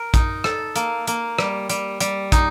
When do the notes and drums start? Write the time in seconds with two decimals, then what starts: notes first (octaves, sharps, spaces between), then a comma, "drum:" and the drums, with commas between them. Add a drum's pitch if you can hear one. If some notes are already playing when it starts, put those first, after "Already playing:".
Already playing: A#4
0.14 D#4, drum: kick, hi-hat
0.44 A4, drum: rim click
0.76 A#3, drum: hi-hat
1.07 A#3, drum: hi-hat
1.39 G3, drum: rim click
1.69 G3, drum: hi-hat
2.00 G3, drum: hi-hat
2.32 D#4, drum: kick, hi-hat